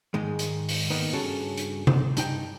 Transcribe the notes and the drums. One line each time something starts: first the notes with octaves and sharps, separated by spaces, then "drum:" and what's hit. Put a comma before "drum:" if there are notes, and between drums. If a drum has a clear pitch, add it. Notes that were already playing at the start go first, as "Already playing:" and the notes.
G#2 D#3 G#3
drum: hi-hat
drum: open hi-hat
D#3 A#3 B3 D#4
G2 C#3 C#4 F#4 A4 C#5
drum: hi-hat
drum: tom C3
G2 D#4 G5, drum: hi-hat